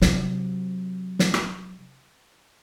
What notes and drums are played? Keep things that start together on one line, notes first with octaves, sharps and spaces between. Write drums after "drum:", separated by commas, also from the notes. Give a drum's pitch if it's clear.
C3 F#3, drum: snare
drum: snare
drum: rim click